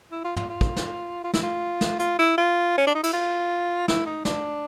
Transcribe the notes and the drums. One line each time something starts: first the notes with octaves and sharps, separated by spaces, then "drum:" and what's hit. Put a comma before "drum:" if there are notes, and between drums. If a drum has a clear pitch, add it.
E4
F4
F4, drum: tom
F4
drum: kick
drum: snare
F4
E4, drum: snare
F4
drum: snare
F4, drum: hi-hat
E4
F4
C#4
D4
D#4
E4, drum: cymbal
F4
E4, drum: snare
D#4
D4, drum: snare